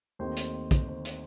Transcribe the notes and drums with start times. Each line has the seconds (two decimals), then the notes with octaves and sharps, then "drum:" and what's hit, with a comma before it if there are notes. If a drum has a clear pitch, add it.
0.19 D#2 D#3 A3 C4 C5
0.37 drum: hi-hat
0.71 drum: kick, hi-hat
0.88 C5
1.05 drum: hi-hat